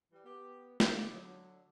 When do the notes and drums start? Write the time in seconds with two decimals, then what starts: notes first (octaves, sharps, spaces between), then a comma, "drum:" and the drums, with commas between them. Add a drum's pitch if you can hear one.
0.11 E3 G3
0.25 B3 G4
0.80 G3 G#3, drum: snare
0.96 E4 D5
1.12 D3 F#3